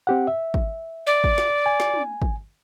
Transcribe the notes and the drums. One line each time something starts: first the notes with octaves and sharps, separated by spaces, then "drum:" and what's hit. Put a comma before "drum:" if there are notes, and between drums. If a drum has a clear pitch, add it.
C4 G4 F#5
E5
drum: kick
D5
drum: kick
drum: snare
G#5
drum: snare
drum: tom
drum: kick